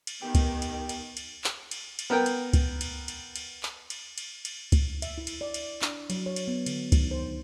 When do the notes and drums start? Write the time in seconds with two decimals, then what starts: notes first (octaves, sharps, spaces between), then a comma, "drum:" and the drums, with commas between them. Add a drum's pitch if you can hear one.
0.07 drum: cymbal
0.22 D#3 B3 G4
0.35 drum: kick C#2, cymbal
0.62 drum: cymbal
0.89 drum: cymbal
1.17 drum: cymbal
1.44 drum: clap
1.71 drum: cymbal
1.99 drum: cymbal
2.10 B3 A#4 G5
2.26 drum: cymbal
2.53 drum: kick C#2, cymbal
2.81 drum: cymbal
3.08 drum: cymbal
3.36 drum: cymbal
3.63 drum: clap
3.90 drum: cymbal
4.18 drum: cymbal
4.45 drum: cymbal
4.72 drum: kick C#2, cymbal
5.02 E5, drum: cymbal
5.18 E4
5.27 drum: cymbal
5.41 D5
5.54 drum: cymbal
5.82 D4, drum: clap
6.10 F#3, drum: cymbal
6.26 C#5
6.36 drum: cymbal
6.48 B3
6.66 D3, drum: cymbal
6.92 D#3, drum: kick C#2, cymbal
7.11 C5